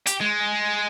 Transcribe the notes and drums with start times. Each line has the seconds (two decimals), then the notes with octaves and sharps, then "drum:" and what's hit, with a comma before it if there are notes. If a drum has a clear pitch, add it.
0.07 G4, drum: hi-hat
0.21 G#3